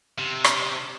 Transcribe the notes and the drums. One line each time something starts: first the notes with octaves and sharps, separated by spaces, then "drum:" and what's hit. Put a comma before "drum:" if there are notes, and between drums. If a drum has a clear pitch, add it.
C3
drum: rim click